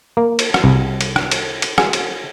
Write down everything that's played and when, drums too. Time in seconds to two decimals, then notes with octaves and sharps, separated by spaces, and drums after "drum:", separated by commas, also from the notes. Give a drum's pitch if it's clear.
0.17 A#3
0.39 drum: cymbal
0.54 drum: rim click
0.64 C2
1.01 drum: cymbal
1.16 drum: rim click
1.31 drum: cymbal
1.62 drum: cymbal
1.78 G#4, drum: rim click
1.93 drum: cymbal